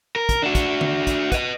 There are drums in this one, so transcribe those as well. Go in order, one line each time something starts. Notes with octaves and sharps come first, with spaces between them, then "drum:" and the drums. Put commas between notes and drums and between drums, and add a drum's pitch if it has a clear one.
A#4
drum: kick, hi-hat
D4 F#4
drum: kick, hi-hat
drum: tom D3
drum: kick, hi-hat
B4 D#5, drum: kick, hi-hat